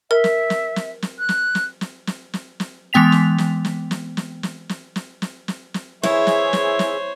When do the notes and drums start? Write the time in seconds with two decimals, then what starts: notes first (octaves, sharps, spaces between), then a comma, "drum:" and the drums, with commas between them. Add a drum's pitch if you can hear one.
0.11 A#4 E5
0.24 drum: snare
0.50 drum: snare
0.76 drum: snare
1.02 drum: snare
1.19 F#6
1.29 drum: snare
1.55 drum: snare
1.81 drum: snare
2.07 drum: snare
2.34 drum: snare
2.60 drum: snare
2.93 E3 G#3 B3 G5 B6 F7
3.12 drum: snare
3.38 drum: snare
3.65 drum: snare
3.91 drum: snare
4.17 drum: snare
4.43 drum: snare
4.69 drum: snare
4.96 drum: snare
5.22 drum: snare
5.48 drum: snare
5.74 drum: snare
6.03 E3 E4 G#4 C5 C#5 E5, drum: snare
6.27 drum: snare
6.53 drum: snare
6.79 drum: snare